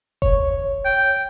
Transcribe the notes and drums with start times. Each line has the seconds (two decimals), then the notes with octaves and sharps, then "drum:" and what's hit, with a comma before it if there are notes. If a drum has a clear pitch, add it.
0.22 C#5, drum: kick F1
0.85 G5